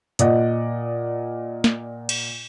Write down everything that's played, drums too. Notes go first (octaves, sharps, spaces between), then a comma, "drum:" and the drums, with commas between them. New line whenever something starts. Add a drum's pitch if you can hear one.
A#2 D5 D#5 F#5, drum: hi-hat
drum: snare
drum: cymbal